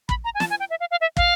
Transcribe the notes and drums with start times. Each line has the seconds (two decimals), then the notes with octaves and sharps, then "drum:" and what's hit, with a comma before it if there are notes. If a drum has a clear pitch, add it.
0.09 B5, drum: kick
0.24 A#5
0.35 G#5
0.40 A5, drum: snare
0.50 G#5
0.60 G5
0.70 E5
0.80 F5
0.91 F5
1.01 E5
1.17 F5, drum: kick